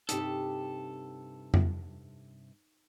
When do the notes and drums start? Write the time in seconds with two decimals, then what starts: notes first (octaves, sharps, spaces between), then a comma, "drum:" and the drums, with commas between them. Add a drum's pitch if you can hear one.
0.09 G2 C3 D#4 G4 A4, drum: hi-hat
1.54 drum: tom F2